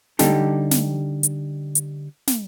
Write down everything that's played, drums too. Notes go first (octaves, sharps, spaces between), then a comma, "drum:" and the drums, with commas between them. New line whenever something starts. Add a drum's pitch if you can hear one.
D3 G3 D#4 G4 A4, drum: snare
drum: snare
drum: hi-hat
drum: hi-hat
drum: snare